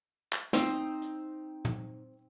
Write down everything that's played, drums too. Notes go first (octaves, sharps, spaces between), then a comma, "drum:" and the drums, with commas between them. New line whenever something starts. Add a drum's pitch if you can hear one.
drum: clap
C4 D#4, drum: snare
drum: hi-hat
drum: tom